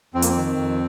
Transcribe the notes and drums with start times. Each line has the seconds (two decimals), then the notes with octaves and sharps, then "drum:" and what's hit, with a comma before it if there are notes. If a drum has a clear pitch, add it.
0.14 F2 C4
0.22 A#3, drum: hi-hat
0.29 C4
0.36 D#3
0.56 F2